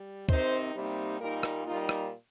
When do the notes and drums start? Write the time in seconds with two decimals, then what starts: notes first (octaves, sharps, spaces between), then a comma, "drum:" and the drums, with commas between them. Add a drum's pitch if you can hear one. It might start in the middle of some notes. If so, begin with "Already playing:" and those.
Already playing: G3
0.29 C3 D#3 C4 D#4 C5, drum: kick
0.75 C3 G3 A#3 D#4
1.20 A#2 G3 A#3 D#4 A#4
1.43 drum: rim click
1.66 A#2 G3 A#3 D#4 F4
1.89 drum: rim click